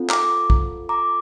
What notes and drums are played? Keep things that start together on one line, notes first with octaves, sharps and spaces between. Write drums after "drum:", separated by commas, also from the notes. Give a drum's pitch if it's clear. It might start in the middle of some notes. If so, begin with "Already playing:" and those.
Already playing: C4 F4 A4
A#5 D6, drum: clap
drum: kick
A#5 D6